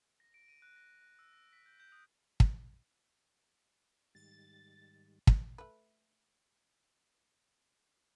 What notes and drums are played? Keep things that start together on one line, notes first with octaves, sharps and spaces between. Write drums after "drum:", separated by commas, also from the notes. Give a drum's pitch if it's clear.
A#6
D7
D#7
F#6
A#6
F#6
E6
A#6
B6
G6
G6
D#6
drum: kick
G#2 D#3 G3 A6
drum: kick
A3 B4